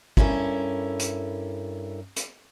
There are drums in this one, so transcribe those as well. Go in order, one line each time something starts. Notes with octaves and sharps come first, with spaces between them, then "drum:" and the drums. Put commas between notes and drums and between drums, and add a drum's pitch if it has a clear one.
G2 C#4 E4 A4 A#4, drum: kick
drum: hi-hat
drum: hi-hat